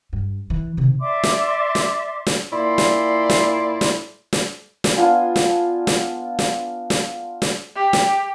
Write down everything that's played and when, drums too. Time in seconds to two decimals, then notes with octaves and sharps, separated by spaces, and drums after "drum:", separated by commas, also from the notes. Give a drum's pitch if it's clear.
0.13 G2
0.50 E3
0.77 C3 D#3
1.00 D5 E5 C6 D6
1.23 drum: snare
1.75 drum: snare
2.27 drum: snare
2.52 A#2 E4 D5 C6
2.78 drum: snare
3.30 drum: snare
3.81 drum: snare
4.33 drum: snare
4.84 drum: snare
4.96 B3 D4 F4 G#5
5.36 drum: snare
5.87 drum: snare
6.39 drum: snare
6.90 drum: snare
7.42 drum: snare
7.76 G4
7.93 drum: snare